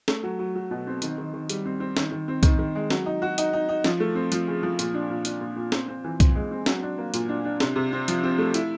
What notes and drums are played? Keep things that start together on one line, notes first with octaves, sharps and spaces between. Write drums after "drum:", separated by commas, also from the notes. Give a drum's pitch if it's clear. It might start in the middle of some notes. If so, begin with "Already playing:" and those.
A3, drum: snare
F#3
F#3
F#3
B2
C4
D#3, drum: hi-hat
D#3
D#3
G3, drum: hi-hat
C4
C4
D#3, drum: snare
D#3
C4
D#3, drum: kick, hi-hat
D#3
G#3
F#3, drum: snare
D#4
F#4
D#4, drum: hi-hat
D#4
D#4
F3, drum: snare
A3
C4
F3, drum: hi-hat
C#3
F3
A#2, drum: hi-hat
D4
A#2
D4, drum: hi-hat
A#2
A#2
C4, drum: snare
C4
E3
C4, drum: kick, hi-hat
G#3
C4
F#3, drum: snare
D4
A#3
A#2, drum: hi-hat
D4
D4
C3, drum: snare
C3
C4
F3, drum: hi-hat
C4
A3
E4, drum: hi-hat